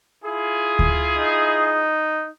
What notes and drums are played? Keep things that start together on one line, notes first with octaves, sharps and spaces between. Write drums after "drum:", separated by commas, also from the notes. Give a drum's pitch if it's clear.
E4 F4 G#4
drum: kick D2
D#4